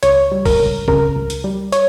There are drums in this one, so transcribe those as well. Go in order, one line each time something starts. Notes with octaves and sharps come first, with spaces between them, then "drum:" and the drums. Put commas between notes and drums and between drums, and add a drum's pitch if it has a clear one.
C#2 C#5, drum: hi-hat
G3
A#4, drum: kick B1, open hi-hat
C#2
C#3 A#4, drum: kick B1
C#2
drum: hi-hat
G3
C#5, drum: hi-hat